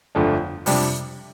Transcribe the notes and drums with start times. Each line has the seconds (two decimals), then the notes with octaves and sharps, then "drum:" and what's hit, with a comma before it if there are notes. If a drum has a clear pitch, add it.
0.15 G1 F2 D3 A3 D4
0.66 F2 C3 G3 D4 G4, drum: open hi-hat